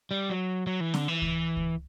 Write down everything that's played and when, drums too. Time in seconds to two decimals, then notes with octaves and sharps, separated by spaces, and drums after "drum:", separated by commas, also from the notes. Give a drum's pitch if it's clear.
0.11 G3
0.30 F#3
0.67 F#3
0.80 E3
0.94 D3, drum: snare
1.08 E3
1.22 drum: kick C#2
1.57 drum: kick C#2